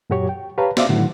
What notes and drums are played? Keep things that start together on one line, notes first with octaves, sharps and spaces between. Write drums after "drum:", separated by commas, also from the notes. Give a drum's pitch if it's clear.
F#2 A#2 F#3 F#4 G4 C#5
G5
G4 B4 C#5 F5 A5 A#5
C5 D5 E5 F5 D6, drum: snare
A2 D3 D#3 F#3 E4 F#5